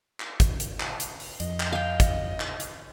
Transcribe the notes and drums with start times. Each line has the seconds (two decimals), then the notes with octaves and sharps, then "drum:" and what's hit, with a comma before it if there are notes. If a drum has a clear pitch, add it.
0.20 drum: clap
0.40 drum: kick, hi-hat
0.60 drum: hi-hat
0.80 drum: clap
1.00 drum: hi-hat
1.20 drum: open hi-hat
1.40 F2 D#5, drum: hi-hat
1.60 drum: clap
1.72 F5 G5
2.00 drum: kick, hi-hat
2.40 drum: clap
2.60 drum: hi-hat